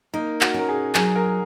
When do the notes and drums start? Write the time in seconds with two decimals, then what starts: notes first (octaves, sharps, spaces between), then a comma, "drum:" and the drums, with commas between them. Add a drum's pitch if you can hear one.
0.13 A#3 D#4
0.41 F#4, drum: clap
0.54 C#4 A#4
0.69 G#4
0.95 F#3 G#4, drum: clap
1.15 A#4